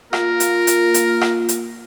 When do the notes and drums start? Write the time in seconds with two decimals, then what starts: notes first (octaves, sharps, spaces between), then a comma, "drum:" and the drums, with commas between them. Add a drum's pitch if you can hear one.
0.13 A#3 F4 A#4, drum: rim click
0.40 drum: hi-hat
0.67 drum: hi-hat
0.94 drum: hi-hat
1.21 drum: rim click
1.49 drum: hi-hat